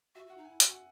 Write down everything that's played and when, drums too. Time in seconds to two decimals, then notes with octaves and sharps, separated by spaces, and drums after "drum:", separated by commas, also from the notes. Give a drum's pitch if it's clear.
0.15 F#4 E5
0.26 F#4
0.30 F#5
0.37 D#4
0.45 E4 G#5
0.60 F#4 G#5, drum: hi-hat
0.70 F#5